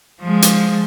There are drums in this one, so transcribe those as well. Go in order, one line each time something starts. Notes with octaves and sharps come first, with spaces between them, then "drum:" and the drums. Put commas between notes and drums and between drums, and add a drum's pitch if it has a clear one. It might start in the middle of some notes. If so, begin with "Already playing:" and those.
F3 G#3
drum: hi-hat